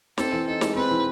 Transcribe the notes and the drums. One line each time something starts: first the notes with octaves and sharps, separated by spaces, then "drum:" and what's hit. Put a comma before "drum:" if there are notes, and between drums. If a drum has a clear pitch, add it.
C4 A4, drum: snare
E3
D#4 A4
G#3, drum: snare
C4 B4
E3